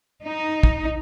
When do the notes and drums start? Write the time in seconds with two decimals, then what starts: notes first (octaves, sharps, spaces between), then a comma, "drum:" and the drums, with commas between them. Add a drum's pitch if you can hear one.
0.23 D#4
0.63 drum: kick